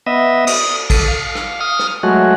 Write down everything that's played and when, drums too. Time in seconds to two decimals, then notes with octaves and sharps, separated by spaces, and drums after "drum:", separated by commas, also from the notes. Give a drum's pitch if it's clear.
0.06 B3 D#5 E5
0.47 D#6, drum: cymbal
0.90 A4, drum: kick A1, cymbal
1.08 F5
1.35 drum: rim click
1.60 D#6 F6
1.79 drum: rim click
2.03 F#3 G#3 A3 F#4